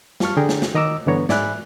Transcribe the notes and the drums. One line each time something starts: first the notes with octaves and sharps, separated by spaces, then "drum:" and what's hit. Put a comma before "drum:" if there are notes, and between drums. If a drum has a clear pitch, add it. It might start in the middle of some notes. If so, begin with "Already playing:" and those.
G3 F4 A5 C#6 F6, drum: snare
D3 G#4 G5 A#5
drum: snare
drum: snare
D#3 D#5 A#5 D6 E6
G2 D3 E3 B3 C#5 A#5
G#2 D5 E5 G#5 B5 F#6, drum: snare